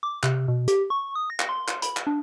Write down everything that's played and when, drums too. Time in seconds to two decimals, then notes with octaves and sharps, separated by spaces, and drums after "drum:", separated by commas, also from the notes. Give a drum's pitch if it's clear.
0.03 D6
0.23 C3, drum: clap
0.48 B2
0.68 G4, drum: hi-hat
0.90 C#6
1.15 D#6
1.30 A#6
1.40 drum: clap
1.49 C6
1.68 drum: clap
1.82 B5, drum: hi-hat
1.97 drum: clap
2.07 D4